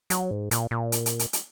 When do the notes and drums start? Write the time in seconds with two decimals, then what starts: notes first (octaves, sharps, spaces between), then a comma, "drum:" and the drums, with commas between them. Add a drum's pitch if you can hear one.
0.10 F#3, drum: hi-hat
0.31 G#2
0.51 A#2, drum: hi-hat
0.71 A#2
0.92 drum: hi-hat
1.06 drum: hi-hat
1.19 drum: hi-hat
1.33 drum: hi-hat